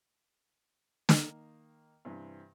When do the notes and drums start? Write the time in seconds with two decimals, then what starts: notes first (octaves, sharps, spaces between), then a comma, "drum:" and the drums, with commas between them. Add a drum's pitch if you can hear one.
1.09 D#3 A#3, drum: snare
2.05 G2 C3 E3